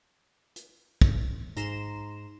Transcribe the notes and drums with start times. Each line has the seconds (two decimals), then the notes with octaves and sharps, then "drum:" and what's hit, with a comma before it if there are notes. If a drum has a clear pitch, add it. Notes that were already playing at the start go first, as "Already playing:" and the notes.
0.56 drum: hi-hat
1.01 drum: kick
1.56 G#2 A#5 C6 E7, drum: hi-hat